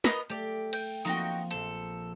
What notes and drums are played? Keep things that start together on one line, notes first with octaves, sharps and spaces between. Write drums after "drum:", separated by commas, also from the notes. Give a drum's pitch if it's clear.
B3 A#4 D#5, drum: snare
A3 G4 D5
G5, drum: cymbal
F3 A#3 C4 D#4 F#4 G5
A#1 A4 C5